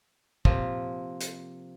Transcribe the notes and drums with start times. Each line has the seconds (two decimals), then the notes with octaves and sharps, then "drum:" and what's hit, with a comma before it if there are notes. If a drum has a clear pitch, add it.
0.45 C3 F3 A#3, drum: kick
1.21 drum: hi-hat